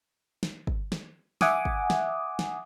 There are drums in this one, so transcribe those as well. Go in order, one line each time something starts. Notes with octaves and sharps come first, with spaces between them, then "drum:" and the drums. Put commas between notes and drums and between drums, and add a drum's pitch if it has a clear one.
drum: snare
drum: kick
drum: snare
E5 F#5 G#5 D6 D#6, drum: snare
drum: kick
drum: snare
drum: snare